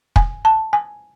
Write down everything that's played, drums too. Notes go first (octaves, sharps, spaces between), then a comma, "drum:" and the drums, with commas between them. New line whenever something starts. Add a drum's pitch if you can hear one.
G#5, drum: kick
A5
G#5